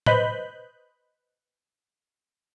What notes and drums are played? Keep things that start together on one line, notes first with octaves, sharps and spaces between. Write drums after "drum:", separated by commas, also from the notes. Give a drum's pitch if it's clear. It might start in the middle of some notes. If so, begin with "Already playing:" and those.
B4 C5 D#5 B5 F#6 G6, drum: tom A2